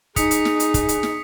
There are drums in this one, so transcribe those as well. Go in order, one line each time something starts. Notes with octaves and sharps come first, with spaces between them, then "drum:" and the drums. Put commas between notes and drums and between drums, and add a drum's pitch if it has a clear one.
D#4 G#4 D#6 B6 C#7, drum: kick, hi-hat
drum: hi-hat
drum: snare
drum: hi-hat
drum: kick, hi-hat
drum: hi-hat
drum: snare